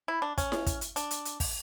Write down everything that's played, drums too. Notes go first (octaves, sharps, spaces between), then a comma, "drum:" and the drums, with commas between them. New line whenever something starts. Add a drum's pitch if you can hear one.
E4
D4
C#4, drum: kick, hi-hat
drum: snare E4
drum: kick, hi-hat
drum: hi-hat
D4, drum: hi-hat
drum: hi-hat
drum: hi-hat
drum: kick, open hi-hat